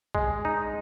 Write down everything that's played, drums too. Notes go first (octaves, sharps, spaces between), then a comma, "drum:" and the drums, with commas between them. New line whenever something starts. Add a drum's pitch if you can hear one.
G#3, drum: kick A#1
D#4